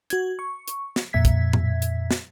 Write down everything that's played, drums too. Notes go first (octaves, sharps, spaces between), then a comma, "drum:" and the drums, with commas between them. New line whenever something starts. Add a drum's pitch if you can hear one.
F#4 G#6, drum: hi-hat
C#6
drum: hi-hat
drum: snare
F2 A#2 E5 G#6 B6
drum: kick, hi-hat
drum: tom A2
drum: hi-hat
drum: snare